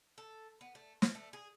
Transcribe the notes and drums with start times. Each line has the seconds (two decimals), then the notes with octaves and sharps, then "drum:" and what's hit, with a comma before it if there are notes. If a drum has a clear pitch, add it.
0.18 A4
0.61 B3
0.75 A3
1.02 F3, drum: snare
1.15 A3
1.33 G#4